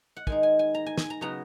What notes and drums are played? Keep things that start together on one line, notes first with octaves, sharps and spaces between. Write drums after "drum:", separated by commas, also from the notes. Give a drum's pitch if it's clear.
F#5
D#3 G#3 D#4 G#5, drum: kick
G#5
G#5
A#5
G#5
G#5, drum: snare
A#5
C#3 F#3 B3 A#5